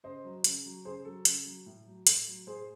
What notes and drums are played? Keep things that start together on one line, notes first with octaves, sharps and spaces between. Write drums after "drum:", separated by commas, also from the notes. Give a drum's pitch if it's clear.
C#3 C5 D#5
F#3
C#3, drum: hi-hat
F#3
C#3 G#4 C5
F#3 A4
C#3, drum: hi-hat
F#3
A2
F#3
A2 A4, drum: hi-hat
F#3
A2 G#4 C5